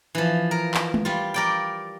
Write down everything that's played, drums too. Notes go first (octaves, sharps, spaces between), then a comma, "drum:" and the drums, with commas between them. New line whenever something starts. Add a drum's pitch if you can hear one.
E3 F3
A#4
drum: clap
drum: tom
G3 F4
A#4 D5 G5